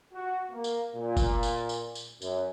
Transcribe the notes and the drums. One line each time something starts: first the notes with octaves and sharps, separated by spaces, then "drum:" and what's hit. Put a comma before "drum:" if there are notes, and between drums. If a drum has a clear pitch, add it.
F#4
A#3
drum: tambourine
A#2
drum: kick F1, tambourine
drum: tambourine
drum: tambourine
drum: tambourine
F#2, drum: tambourine